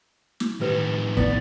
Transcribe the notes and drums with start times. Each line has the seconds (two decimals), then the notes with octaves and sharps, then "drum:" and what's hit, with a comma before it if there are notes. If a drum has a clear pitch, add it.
0.40 drum: snare
0.61 A2 D#3 G4 B4
1.17 B3 E4 D5, drum: kick